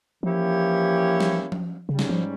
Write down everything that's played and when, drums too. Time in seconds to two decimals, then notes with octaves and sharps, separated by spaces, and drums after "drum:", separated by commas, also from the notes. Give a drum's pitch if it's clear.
0.22 E3 F3 A#3 C#4 E4 G4
1.20 drum: snare
1.52 drum: tom F3
1.89 G#2 C#3 G3 C#4
1.99 drum: snare
2.09 F3